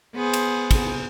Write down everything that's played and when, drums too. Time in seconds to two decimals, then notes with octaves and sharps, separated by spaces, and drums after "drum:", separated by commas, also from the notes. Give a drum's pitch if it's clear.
0.15 B3 G#4 C5
0.34 drum: cymbal
0.71 drum: kick, cymbal